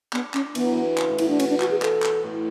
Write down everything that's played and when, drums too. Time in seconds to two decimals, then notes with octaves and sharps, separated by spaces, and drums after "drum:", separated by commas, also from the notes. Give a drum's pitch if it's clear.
0.13 B3 D4, drum: clap
0.34 C#4 D4, drum: clap
0.55 E3 B3, drum: cymbal
0.64 F#3
0.72 E3
0.98 C#3, drum: clap
1.10 A2
1.18 B2 E4, drum: cymbal
1.29 D4
1.40 C#4, drum: cymbal
1.50 D4
1.60 F#4, drum: clap
1.71 G#4
1.82 A4, drum: clap
2.02 drum: clap
2.23 A2